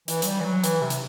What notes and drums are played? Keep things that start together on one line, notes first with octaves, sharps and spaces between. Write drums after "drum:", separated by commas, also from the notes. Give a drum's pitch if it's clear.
E3, drum: hi-hat
F#3, drum: hi-hat
G3
E3
F#3
E3, drum: hi-hat
C3
drum: hi-hat